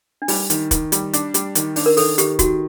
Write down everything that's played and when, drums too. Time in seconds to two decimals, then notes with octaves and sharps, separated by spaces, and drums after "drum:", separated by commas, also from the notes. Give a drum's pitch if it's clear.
0.22 D4
0.28 G3 D#4, drum: open hi-hat
0.50 D#3, drum: hi-hat
0.71 D#3, drum: kick, hi-hat
0.92 G3, drum: hi-hat
1.13 D4, drum: hi-hat
1.34 G3, drum: hi-hat
1.55 D#3, drum: hi-hat
1.76 D4, drum: open hi-hat
1.86 A#4
1.97 D#3 A4, drum: open hi-hat
2.18 D#3 G4, drum: hi-hat
2.39 D#3 F#4, drum: kick, hi-hat